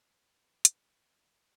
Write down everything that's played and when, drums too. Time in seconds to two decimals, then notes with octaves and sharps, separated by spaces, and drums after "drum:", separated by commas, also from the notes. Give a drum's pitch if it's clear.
0.23 B4
0.65 drum: hi-hat